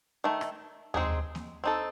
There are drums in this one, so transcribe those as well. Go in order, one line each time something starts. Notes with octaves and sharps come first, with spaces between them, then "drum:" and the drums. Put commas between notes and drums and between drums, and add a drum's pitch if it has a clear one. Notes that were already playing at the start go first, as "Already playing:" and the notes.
D#3 A3
drum: rim click
G#3 C4 D#4 G#4, drum: tom D#2
drum: snare A#3
C4 D#4 A4